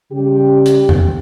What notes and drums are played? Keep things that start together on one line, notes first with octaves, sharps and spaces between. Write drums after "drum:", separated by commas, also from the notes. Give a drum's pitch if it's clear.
C#3 G3 G4
drum: hi-hat
drum: tom E2